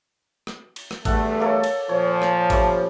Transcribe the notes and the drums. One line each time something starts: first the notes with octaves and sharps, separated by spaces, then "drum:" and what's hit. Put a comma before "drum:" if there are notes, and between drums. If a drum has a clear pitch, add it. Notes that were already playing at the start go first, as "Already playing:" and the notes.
drum: rim click
drum: cymbal
drum: rim click
E2 G2 A3 A4 F#5, drum: kick, cymbal
A#3 A4 C#5
drum: cymbal
A#2 F3 C#5
drum: rim click
G3 A3 C#4, drum: kick, cymbal